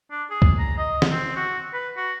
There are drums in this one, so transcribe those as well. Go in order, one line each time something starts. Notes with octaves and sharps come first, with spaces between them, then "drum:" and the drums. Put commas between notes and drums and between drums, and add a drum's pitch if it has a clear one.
D4
G#4
drum: kick C2
A#5
D#5
drum: snare
C4
F#4
B4
F#4